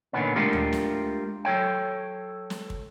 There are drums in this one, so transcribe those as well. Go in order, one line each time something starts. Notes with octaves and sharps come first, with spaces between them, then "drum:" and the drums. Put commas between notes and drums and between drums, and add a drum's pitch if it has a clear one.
A#2 D3 D#3 F#3 B3 C#4
G#3 A3 D4 F4 G4 A#4
drum: tom D2
drum: snare
F#3 A4 C#5 G5
drum: snare
drum: kick